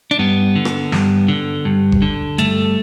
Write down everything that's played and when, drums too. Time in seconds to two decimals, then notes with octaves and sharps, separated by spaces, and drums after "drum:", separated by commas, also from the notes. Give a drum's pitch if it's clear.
0.11 D4
0.19 G2 B3
0.56 D3
0.65 drum: rim click
0.92 G2, drum: snare
1.28 D3
1.65 G2
1.92 drum: kick G1
2.02 D3
2.38 G2 A3, drum: hi-hat